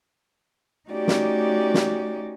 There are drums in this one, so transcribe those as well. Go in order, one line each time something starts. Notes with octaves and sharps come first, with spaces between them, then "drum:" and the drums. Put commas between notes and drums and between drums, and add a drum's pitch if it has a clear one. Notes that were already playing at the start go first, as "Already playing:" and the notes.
A3 C#4 D#4 F#4 G4 D5
drum: snare
drum: snare